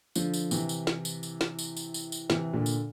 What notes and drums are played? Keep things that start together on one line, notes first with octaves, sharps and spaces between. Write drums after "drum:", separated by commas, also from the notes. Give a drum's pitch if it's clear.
D3 F3, drum: tambourine
drum: tambourine
C3 E3, drum: tambourine
drum: tambourine
drum: snare
drum: tambourine
drum: tambourine
drum: snare
drum: tambourine
drum: tambourine
drum: tambourine
drum: tambourine
C3 E3, drum: snare
A#2 D3
drum: tambourine